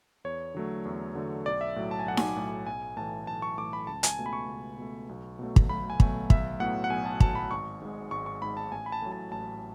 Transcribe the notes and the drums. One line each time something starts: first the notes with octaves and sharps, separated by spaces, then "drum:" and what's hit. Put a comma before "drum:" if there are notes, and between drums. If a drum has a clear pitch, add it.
E2 C#5
D3 F#3 A3
E2
D3 F#3 A3
B1 D5
E5
A2 F#3
A5
G#5
B1 F#5
G#5, drum: snare D#4
A2 F#3
B1 G#5
A2 E3 A5
B1 A5
C#6
A2 E3 D6
B5
C#2 A5
G#5, drum: hi-hat
B2 A3
B5
C#6
C#2
B2 A3
B1
B2 F#3 A3
drum: kick
B1 B5
G#5
B2 F#3 A3, drum: kick
B1 E5, drum: kick
A2 F#3 B3 F#5
F#5
B1 G#5
A5
A2 F#3 B3 A5, drum: kick
B5
G#1 C#6
G#2 G#3
G#1 C#6
C#6
G#2 G#3 B5
A5
A1 G#5
B5
A5
A2 F#3
A5
A1 A5